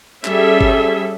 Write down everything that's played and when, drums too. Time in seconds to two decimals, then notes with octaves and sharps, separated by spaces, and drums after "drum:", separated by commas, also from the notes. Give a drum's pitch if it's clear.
0.25 G3 C#4 G#4 A4 E5, drum: clap
0.61 drum: kick G1